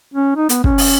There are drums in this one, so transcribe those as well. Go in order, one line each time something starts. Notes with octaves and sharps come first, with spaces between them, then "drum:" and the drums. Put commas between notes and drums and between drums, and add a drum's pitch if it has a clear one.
C#4
D#4
B3, drum: hi-hat
C#4, drum: kick
drum: open hi-hat